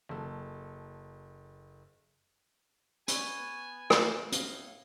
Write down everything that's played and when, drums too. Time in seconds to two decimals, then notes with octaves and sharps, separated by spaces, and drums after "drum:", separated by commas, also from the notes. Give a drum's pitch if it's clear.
0.09 F#1 A4
3.08 B3 C#5 G#5 B5, drum: hi-hat
3.90 G#4 E5 F5, drum: rim click
4.32 A2 D#5 F5, drum: hi-hat